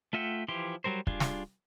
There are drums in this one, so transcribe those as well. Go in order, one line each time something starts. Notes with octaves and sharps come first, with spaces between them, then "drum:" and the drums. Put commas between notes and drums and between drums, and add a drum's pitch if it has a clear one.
A3 F4 E5 F#5 G5
E3 F3 E4 G4 C6
F#3 G3 A#4 C5
G3 D4 F4 G#4, drum: kick
drum: snare